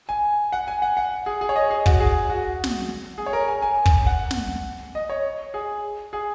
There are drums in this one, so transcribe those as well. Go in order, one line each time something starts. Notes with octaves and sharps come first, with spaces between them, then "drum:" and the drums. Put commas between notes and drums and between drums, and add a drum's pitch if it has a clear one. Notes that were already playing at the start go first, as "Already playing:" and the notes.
G#5
F#5
G#5
F#5
F#5
G#4
G#4
C#5
D#5
G#4
F#4, drum: kick
G#4
F#4
drum: snare
G#4
C#5
A#4
G#5
G#5
drum: kick
F#5
drum: snare
D#5
C#5
G#4
G#4